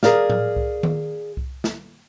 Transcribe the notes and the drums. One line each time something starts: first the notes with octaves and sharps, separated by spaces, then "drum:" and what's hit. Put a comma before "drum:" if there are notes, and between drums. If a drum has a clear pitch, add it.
G#4 A#4 D5 F5, drum: snare
drum: tom A2
drum: kick C2
drum: tom D#3
drum: kick C2
drum: snare